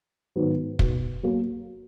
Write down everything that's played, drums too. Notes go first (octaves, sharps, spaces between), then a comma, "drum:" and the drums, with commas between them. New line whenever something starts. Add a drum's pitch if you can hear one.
G#2 D#3 F#3 B3
B2, drum: kick
F#3 A#3